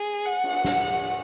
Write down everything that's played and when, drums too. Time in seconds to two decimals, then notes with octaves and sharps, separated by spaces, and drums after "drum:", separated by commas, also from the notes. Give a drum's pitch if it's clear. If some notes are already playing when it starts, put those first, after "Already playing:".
Already playing: G#4
0.26 F#5
0.44 drum: cymbal
0.65 drum: snare